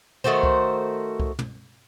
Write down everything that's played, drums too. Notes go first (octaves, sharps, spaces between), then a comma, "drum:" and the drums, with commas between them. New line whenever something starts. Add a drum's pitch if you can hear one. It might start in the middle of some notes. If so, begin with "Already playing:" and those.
D#3 A3 F#4 C5, drum: tom
drum: kick C2
drum: kick C2
drum: tom